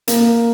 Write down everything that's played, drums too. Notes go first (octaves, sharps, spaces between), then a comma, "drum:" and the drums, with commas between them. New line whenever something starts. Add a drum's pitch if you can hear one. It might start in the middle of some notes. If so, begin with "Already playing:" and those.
A#3, drum: hi-hat